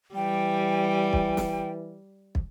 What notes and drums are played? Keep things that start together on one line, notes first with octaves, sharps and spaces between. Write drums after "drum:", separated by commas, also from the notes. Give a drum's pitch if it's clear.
E3 G3 G5
drum: kick
drum: snare
drum: kick